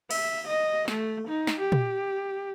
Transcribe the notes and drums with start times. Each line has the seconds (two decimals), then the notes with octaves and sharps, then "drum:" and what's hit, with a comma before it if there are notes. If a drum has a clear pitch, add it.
0.11 E5, drum: cymbal
0.47 D#5
0.88 A3, drum: snare
1.27 D#4
1.47 drum: snare
1.59 G4
1.72 drum: tom A#2